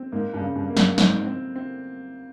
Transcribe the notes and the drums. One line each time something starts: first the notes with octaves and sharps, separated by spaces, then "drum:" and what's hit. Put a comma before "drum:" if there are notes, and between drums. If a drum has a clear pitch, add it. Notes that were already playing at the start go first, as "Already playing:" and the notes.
Already playing: C4
G#2 A#3
G2
C#3
G2
A#3
G2, drum: snare
G#2 C4, drum: snare
C4
C4